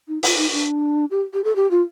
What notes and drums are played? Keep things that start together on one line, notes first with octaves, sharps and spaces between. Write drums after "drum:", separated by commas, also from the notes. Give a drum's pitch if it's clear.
D#4
F4, drum: open hi-hat
D#4
D4
G4
G4
A4
G4
F4